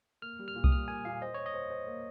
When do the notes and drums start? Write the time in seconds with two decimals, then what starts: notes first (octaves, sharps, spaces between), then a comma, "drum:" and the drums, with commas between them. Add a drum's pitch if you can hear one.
0.22 A#3 F6
0.39 G3
0.48 F6
0.56 A#2
0.64 D#6, drum: kick C2
0.72 G3 F6
0.88 A#3 G#5
1.05 A#2 F5
1.21 C5 D#5
1.34 C5 C#5
1.46 D#5
1.54 C5
1.70 C5
1.87 A#3